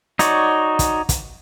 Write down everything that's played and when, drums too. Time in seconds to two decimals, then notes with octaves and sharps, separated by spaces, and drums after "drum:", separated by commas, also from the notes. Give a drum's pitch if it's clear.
0.19 D#4 F#4 C#5 D5, drum: hi-hat
0.79 drum: kick, hi-hat
1.09 drum: kick, hi-hat